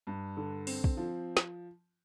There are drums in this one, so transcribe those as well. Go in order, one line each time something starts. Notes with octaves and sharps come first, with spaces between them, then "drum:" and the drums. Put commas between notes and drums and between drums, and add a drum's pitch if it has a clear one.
G2
D3
C4, drum: open hi-hat
drum: kick
F3
drum: snare